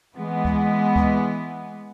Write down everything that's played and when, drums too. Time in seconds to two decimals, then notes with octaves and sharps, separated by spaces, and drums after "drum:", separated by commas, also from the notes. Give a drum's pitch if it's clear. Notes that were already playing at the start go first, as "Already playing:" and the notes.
0.15 E3 G#3 B3
0.45 drum: kick D2
0.96 drum: kick D2